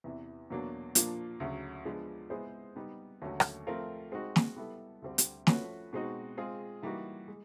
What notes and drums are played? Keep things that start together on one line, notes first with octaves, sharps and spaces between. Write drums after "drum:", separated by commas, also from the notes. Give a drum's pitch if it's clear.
E2 C3 E3
E2 B2 F#3 A#3 D4
A#2 F3 A#3 D4, drum: hi-hat
D2 C#3 F#3
F3 G#3 B3 D4
G#3 B3 E4 G#4 C5
G3 B3 D#4
D#2 D3 F#3 A3 C#4
drum: rim click
F3 A3 C4 F4 A#4
G#3 C4 D#4 F#4
drum: snare
G3 B3 E4 A4
D2 D3 G3 C4
drum: hi-hat
F3 A3 C#4 F#4 B4, drum: snare
B2 G#3 C4 D#4 F#4
G#3 C4 F4 G#4
E3 G3 A#3 D#4 F#4
G#3